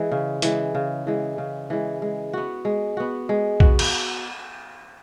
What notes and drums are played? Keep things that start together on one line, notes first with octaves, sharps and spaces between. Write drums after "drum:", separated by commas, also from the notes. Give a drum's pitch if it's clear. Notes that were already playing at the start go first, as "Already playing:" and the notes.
Already playing: E3 G#3
C#3
E3 G#3, drum: hi-hat
C#3
E3 G#3
C#3
E3 G#3
G#3
B3 F#4
G#3
B3 F#4
G#3
B3 F#4, drum: kick B1
drum: cymbal